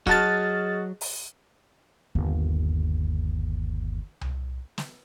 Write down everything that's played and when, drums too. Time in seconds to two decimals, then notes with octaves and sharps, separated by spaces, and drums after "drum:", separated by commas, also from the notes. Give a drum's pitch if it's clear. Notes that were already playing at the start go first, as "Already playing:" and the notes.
0.07 F#3 F#4 G#4 D#5 A5 D#6 F6 A6, drum: kick
1.01 drum: open hi-hat
2.15 G1 D#2
4.21 drum: tom C2
4.78 drum: snare